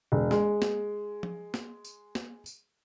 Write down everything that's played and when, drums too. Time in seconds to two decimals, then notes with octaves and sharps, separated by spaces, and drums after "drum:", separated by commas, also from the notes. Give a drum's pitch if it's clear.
0.12 E1
0.31 G#3, drum: snare
0.62 drum: snare
1.23 drum: tom F3
1.54 drum: snare
1.85 drum: tambourine
2.15 drum: snare
2.46 drum: tambourine